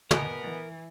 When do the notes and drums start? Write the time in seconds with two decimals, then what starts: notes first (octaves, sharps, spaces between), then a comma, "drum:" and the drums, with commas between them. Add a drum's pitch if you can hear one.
0.11 B2 B3 G#4 A#4 D#5, drum: tom
0.42 E3